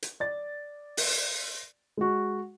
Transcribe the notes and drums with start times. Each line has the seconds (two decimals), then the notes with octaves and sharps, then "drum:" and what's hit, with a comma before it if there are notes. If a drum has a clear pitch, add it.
0.03 drum: hi-hat
0.20 D5 A6
0.97 drum: open hi-hat
1.97 G#3 F#4